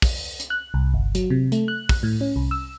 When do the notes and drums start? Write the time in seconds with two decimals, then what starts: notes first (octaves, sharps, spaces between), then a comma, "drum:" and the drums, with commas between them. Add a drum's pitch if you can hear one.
0.02 drum: kick, open hi-hat
0.40 drum: hi-hat
0.50 F#6
0.74 C2
0.94 G1
1.15 F#3, drum: hi-hat
1.30 C3
1.52 A3, drum: hi-hat
1.68 F#6
1.89 drum: kick, open hi-hat
2.03 A2
2.21 C#4
2.36 C2
2.51 E6